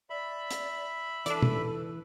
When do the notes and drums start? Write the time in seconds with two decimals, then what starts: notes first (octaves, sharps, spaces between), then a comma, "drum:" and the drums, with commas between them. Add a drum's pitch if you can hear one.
0.10 D5 E5 B5
0.51 drum: hi-hat
1.26 E3 D4 A4 B4 D5, drum: hi-hat
1.42 drum: tom